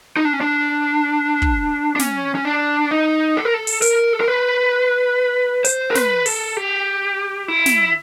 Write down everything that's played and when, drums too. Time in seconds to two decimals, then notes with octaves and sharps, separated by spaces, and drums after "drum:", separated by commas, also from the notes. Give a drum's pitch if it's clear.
0.17 D#4
0.25 D4
0.33 C#4
0.41 D4
1.42 drum: kick
1.96 D4
1.99 C#4, drum: snare
2.35 C#4
2.45 D4
2.91 D#4
3.37 A4
3.45 A#4
3.54 A4
3.67 drum: open hi-hat
3.82 A#4, drum: hi-hat
4.13 A4
4.21 A#4
4.28 B4
5.65 C5, drum: hi-hat
5.90 A#4
5.95 B4, drum: snare
6.26 A4, drum: open hi-hat
6.57 G4
7.48 E4
7.66 drum: snare